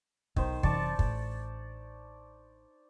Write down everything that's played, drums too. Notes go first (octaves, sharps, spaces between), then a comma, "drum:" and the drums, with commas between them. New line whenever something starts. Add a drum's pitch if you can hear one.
B1 D#3 C5, drum: kick
F#1 C3 E3 D5 A5 C#6, drum: kick
A1 A2, drum: kick